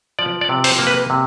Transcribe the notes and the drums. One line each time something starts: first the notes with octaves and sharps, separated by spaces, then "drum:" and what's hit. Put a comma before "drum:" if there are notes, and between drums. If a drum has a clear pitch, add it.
F3 D5
D5
C3
C5, drum: open hi-hat
A#3
B4
C3